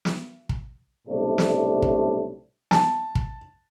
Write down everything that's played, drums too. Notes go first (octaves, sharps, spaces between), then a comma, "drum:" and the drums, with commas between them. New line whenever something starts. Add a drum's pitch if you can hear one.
drum: snare
drum: kick
B1 A2 C3 G3 A3 D4
drum: snare
drum: kick
A5, drum: snare
drum: kick